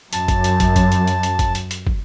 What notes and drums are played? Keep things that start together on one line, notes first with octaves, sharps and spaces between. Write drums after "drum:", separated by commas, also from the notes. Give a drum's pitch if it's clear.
F#2 A5, drum: hi-hat
drum: kick, hi-hat
drum: hi-hat
drum: kick, hi-hat
drum: kick, hi-hat
drum: hi-hat
drum: hi-hat
drum: hi-hat
drum: kick, hi-hat
drum: hi-hat
drum: hi-hat
drum: kick